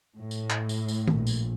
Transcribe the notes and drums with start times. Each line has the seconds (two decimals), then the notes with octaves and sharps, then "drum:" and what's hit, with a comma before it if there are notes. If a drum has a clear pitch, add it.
0.17 A2
0.31 drum: tambourine
0.50 drum: clap
0.69 drum: tambourine
0.88 drum: tambourine
1.08 A#1 A#2, drum: tom
1.27 drum: tambourine